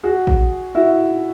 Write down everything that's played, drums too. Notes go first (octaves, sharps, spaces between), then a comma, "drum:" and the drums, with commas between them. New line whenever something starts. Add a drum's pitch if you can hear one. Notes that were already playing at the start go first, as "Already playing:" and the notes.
F#4 G#4
drum: kick A1
E4 F#4